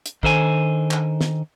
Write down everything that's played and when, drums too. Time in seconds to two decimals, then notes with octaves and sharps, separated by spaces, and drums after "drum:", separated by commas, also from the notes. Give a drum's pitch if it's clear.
0.06 drum: hi-hat
0.23 D#3 D4 A4 C5 D#5 G#5, drum: kick
0.91 drum: clap
1.21 drum: snare